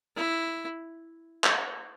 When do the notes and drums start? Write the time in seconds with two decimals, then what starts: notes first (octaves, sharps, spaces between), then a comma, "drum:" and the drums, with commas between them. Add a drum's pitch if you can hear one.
0.16 E4
1.44 drum: clap